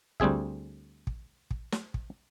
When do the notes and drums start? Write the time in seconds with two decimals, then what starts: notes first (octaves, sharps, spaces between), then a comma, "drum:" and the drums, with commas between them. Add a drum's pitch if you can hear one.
0.20 D2 G3 C4 G#4 E5, drum: kick
1.07 drum: kick
1.51 drum: kick
1.72 drum: snare
1.94 drum: kick